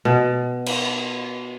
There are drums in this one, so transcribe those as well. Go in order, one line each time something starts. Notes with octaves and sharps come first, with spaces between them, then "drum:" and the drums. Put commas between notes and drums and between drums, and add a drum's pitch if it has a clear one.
B2
drum: cymbal